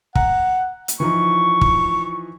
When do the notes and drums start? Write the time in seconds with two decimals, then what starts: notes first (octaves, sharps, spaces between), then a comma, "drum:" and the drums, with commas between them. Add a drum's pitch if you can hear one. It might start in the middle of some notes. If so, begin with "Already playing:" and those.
0.15 F#5 A#5, drum: kick
0.88 drum: hi-hat
1.00 E3 F3 D#4 C#6
1.61 drum: kick